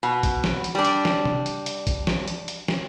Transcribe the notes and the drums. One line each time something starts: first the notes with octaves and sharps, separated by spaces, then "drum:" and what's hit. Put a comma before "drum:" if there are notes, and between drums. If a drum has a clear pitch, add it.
B2
drum: kick, hi-hat
drum: snare
drum: hi-hat
G3 D4
drum: hi-hat
drum: snare
drum: tom
drum: hi-hat
drum: hi-hat
drum: kick, hi-hat
drum: snare
drum: hi-hat
drum: hi-hat
drum: snare